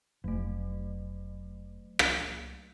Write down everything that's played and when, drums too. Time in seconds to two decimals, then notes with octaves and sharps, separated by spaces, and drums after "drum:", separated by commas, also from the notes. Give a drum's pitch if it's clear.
0.24 F1 F#3 A3
1.99 drum: rim click